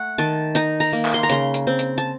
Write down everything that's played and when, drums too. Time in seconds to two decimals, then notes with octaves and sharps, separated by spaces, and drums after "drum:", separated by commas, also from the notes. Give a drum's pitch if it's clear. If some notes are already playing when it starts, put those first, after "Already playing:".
Already playing: A3 F#5
0.18 D#3 A5
0.55 D#4 A#5, drum: hi-hat
0.80 A#5, drum: open hi-hat
0.93 A#3
1.05 drum: clap
1.14 C6
1.23 A#5
1.29 C#3 C6, drum: hi-hat
1.54 drum: hi-hat
1.67 C4
1.79 drum: hi-hat
1.98 A5